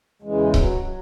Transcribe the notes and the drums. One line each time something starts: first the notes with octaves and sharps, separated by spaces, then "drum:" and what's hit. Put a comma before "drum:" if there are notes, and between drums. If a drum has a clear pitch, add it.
E2 C#3 E3 G#3
F#3, drum: kick C#1
F#3